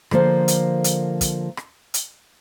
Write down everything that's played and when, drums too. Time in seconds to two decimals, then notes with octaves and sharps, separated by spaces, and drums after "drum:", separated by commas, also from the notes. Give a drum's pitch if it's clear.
0.11 D3 F3 A#3 C5, drum: rim click
0.48 drum: hi-hat
0.84 drum: hi-hat
1.21 drum: kick, hi-hat
1.57 drum: rim click
1.94 drum: hi-hat